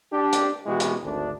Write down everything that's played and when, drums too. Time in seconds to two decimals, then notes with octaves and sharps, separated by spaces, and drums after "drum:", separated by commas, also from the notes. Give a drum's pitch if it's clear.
0.13 D4 G4
0.33 drum: hi-hat
0.66 B2 E3 G#3 E4 F#4 G4
0.80 drum: hi-hat
1.04 G#1 D2 D4